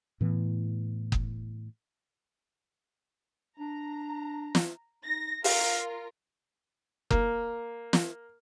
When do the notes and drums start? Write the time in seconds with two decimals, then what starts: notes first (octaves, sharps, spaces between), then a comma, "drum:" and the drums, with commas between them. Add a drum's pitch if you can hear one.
0.21 A2 E3 B3
1.12 drum: kick F#1
3.60 D4 A#5
4.55 drum: snare
5.04 D#4 A#6
5.44 F4 A#4 F5, drum: open hi-hat
7.11 A#3, drum: kick F#1
7.93 drum: snare